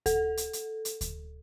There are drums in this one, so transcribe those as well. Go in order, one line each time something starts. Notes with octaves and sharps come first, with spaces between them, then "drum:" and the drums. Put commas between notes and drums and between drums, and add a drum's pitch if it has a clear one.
A4, drum: kick D2, hi-hat
drum: hi-hat
drum: hi-hat
drum: hi-hat
drum: kick D2, hi-hat